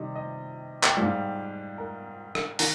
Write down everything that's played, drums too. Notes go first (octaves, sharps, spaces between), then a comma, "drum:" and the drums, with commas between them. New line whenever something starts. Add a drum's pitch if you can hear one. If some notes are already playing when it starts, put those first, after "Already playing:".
Already playing: C3 D#3 G3 D#5
D#5
G5, drum: clap
G#2 G3 F5
A#4
drum: rim click
D#3 A#4, drum: open hi-hat